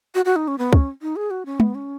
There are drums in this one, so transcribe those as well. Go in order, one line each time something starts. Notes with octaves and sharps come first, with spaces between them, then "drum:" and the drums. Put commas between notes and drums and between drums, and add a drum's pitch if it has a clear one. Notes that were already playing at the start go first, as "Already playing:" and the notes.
F#4
F#4
D#4
C#4
B3
C#4, drum: kick
D#4
G#4
F#4
C#4
B3, drum: tom
C#4